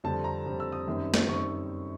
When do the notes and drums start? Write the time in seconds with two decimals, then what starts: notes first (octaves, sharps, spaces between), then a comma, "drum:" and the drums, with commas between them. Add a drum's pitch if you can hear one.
0.04 F2 D3 G3 C4 A5
0.24 A#5
0.46 F2 D3 G3 C4
0.60 E6
0.72 D#6
0.87 F#2 D#3 G3 C4 D#4
1.14 drum: snare
1.28 F#2 D#3 G3 C4 D#4 C#6